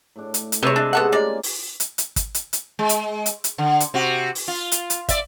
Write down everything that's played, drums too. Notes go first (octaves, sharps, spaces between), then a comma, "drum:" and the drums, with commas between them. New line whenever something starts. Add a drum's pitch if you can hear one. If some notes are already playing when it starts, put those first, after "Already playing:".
A2 D4
drum: hi-hat
drum: hi-hat
C3 G3 G#3 B4 C#5
D4
A2 C#3 G#3 B3 A4 F#5
G#3 A#3 F4 D5 G#5
drum: open hi-hat
drum: hi-hat
drum: hi-hat
drum: kick, hi-hat
drum: hi-hat
drum: hi-hat
G#3
drum: hi-hat
drum: hi-hat
drum: hi-hat
D3
drum: hi-hat
C3 F#4
drum: open hi-hat
F4
drum: hi-hat
drum: hi-hat
D5 E5, drum: kick, hi-hat